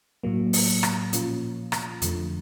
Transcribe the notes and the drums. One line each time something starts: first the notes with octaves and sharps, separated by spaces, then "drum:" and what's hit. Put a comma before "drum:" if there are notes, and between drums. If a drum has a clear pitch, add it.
A2 F#3 A#3
drum: open hi-hat
drum: rim click
A#2 F3 A#3 C#4 F4, drum: hi-hat
drum: rim click
F2 D3 F3 A3, drum: hi-hat